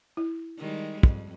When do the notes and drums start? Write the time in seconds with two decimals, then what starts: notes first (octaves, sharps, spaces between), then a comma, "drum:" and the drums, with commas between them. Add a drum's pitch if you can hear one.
0.17 E4
0.58 D#3 G3 G#3
1.03 F2, drum: kick